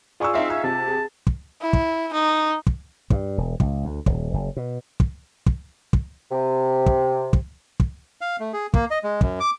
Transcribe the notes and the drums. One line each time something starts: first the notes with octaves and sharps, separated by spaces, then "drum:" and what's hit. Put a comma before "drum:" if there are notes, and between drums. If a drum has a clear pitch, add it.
F4 G#4 D5 C#6 E6
C4 D#4 E5 F5
C#4 E6
C3 A5
G#4
drum: kick
E4
drum: kick
D#4
drum: kick
G2, drum: kick
E1
C#2, drum: kick
D2
D#1, drum: kick
F#1
B2
drum: kick
drum: kick
drum: kick
C3
drum: kick
drum: kick
drum: kick
F5
A3
G#4
A#3, drum: kick
D#5
G#3
F#2, drum: kick
D6